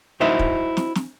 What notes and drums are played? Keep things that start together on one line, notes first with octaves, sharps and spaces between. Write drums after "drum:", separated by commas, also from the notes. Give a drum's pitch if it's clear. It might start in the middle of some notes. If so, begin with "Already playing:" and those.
D#4 E4 F#4 C5 D#5 E5
drum: kick
drum: snare
drum: snare